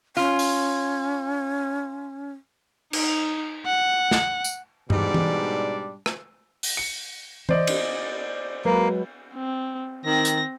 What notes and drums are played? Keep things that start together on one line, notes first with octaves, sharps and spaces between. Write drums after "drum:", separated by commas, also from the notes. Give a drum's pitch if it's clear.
C#4 F4
drum: open hi-hat
D#4, drum: cymbal
F#5
drum: snare
drum: tambourine
G#2 B2 G3 D4 D5, drum: tom G2
drum: tom E3
drum: rim click
drum: open hi-hat
C#7
C5 D5 D#5, drum: tom E3
drum: cymbal
F#3 G#3 A#3 B4
C4
D#3 C4 A#6
drum: hi-hat